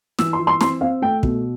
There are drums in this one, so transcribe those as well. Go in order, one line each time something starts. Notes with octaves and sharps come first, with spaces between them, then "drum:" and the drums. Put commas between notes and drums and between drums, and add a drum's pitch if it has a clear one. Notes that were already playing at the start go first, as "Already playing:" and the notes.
E3 E6, drum: snare
C6
E3
C6
C4 C6, drum: snare
C4 F5
A3 G5
B2, drum: kick